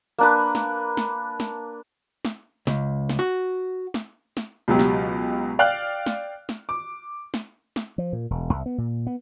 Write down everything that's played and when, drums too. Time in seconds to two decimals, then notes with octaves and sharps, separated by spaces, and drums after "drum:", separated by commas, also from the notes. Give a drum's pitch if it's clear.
0.18 A#3 D4 B4
0.55 drum: snare
0.97 drum: snare
1.40 drum: snare
2.25 drum: snare
2.67 C#2, drum: snare
3.09 drum: snare
3.19 F#4
3.94 drum: snare
4.37 drum: snare
4.68 C#2 B2 F#3 G4
4.79 drum: snare
5.59 D5 F5 G5 F6 F#6
6.06 drum: snare
6.49 drum: snare
6.69 D6
7.34 drum: snare
7.76 drum: snare
7.98 F3
8.13 A#2
8.30 E1
8.53 C2
8.66 B3
8.78 A#2
9.07 B3